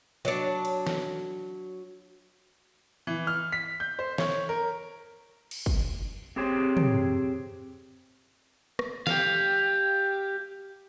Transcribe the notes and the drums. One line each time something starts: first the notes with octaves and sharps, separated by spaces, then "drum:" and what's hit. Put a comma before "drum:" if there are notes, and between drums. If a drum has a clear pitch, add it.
F#3 D4
drum: cymbal
drum: snare
E3
F6
B6
G6
C5
C#5, drum: snare
A#4
drum: cymbal
drum: kick
C4 G4 G#4 C5 C#5 G5
drum: tom
drum: rim click
G4 F5, drum: snare